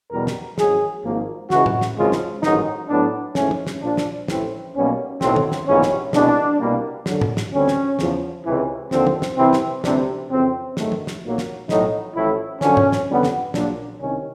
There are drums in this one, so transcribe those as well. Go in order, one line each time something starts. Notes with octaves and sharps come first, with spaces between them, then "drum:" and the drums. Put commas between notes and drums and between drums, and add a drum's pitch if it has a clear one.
E2 B2 G3 A#4
drum: snare
G#1 G#2 D#3 F#3 G#4, drum: snare
G#1 G#2 F3 A#3
C#2 C#3 E3 G#3 F#4, drum: snare
drum: tom A2
drum: snare
G#1 F#2 C#3 F3 G#3 F4
drum: snare
A1 G#2 D#3 F#3 D#4, drum: snare
A2 F#3 B3 D4
G#2 E3 A3 C#4, drum: snare
drum: tom F3
drum: snare
A#1 A#2 F3 D4
drum: snare
A1 A2 E3 A3 C4, drum: snare
B1 B2 G3 A#3 C#4
B1 A2 F#3 C4, drum: snare
drum: tom D#3
drum: snare
A#1 G#2 E3 G3 B3 C#4
drum: snare
C2 B2 G#3 D4, drum: snare
C2 B2 G3 A#3
F#2 D3 F#3, drum: snare
drum: tom G#2
drum: snare
D2 D3 G3 C4 C#4
drum: snare
E2 C#3 F3, drum: snare
C#2 C3 E3
D#2 D3 F3 C4, drum: snare
drum: tom F3
drum: snare
C2 C3 E3 C4
drum: snare
D2 C3 E3 G3 C4 D4, drum: snare
F2 C#3 E3 C4
G#2 D#3 F#3 A3, drum: snare
drum: tom F3
drum: snare
B1 A#2 F#3 A#3
drum: snare
B1 A2 F#3 D#4, drum: snare
A1 A2 F3 E4
F#2 D3 F3 C#4, drum: snare
drum: tom G#2
drum: snare
F2 D3 G3 B3
drum: snare
A#1 A#2 F#3 D4, drum: snare
C2 C3 D#3 C#4